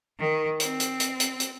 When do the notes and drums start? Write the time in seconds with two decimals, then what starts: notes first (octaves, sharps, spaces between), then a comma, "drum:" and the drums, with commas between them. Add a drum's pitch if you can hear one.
0.18 D#3
0.60 C4, drum: hi-hat
0.80 drum: hi-hat
1.00 drum: hi-hat
1.20 drum: hi-hat
1.40 drum: hi-hat